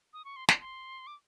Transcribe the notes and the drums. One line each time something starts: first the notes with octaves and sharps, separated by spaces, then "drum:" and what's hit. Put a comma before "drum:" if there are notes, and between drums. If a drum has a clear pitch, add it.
D#6
C#6
C6
C6, drum: snare
C6
D6